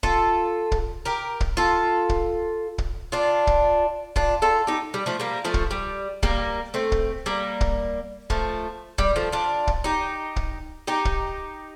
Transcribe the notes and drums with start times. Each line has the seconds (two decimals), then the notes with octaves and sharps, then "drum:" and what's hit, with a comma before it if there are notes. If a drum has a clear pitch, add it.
0.03 F4 A4, drum: kick
0.72 drum: kick
1.05 G4 A#4
1.40 drum: kick
1.57 F4 A4
2.09 drum: kick
2.78 drum: kick
3.12 D4 F4
3.47 drum: kick
4.16 D4 F4, drum: kick
4.42 F4 A4
4.67 D#4 G4
4.94 G3
5.06 F3 A3
5.20 G3 A#3
5.45 F3 A3
5.54 drum: kick
5.71 G3
6.23 G3 A#3, drum: kick
6.74 A3 C4
6.92 drum: kick
7.26 G3 A#3
7.61 drum: kick
8.30 F3 A3, drum: kick
8.98 G3, drum: kick
9.16 F3 A3
9.32 D4 F4
9.67 drum: kick
9.84 D#4 G4
10.36 drum: kick
10.87 D#4 G4
11.05 drum: kick